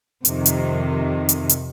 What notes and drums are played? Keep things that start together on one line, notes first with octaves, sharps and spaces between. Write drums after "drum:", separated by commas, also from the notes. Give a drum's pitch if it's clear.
F2 C3 D#3, drum: hi-hat
drum: hi-hat
drum: hi-hat
drum: hi-hat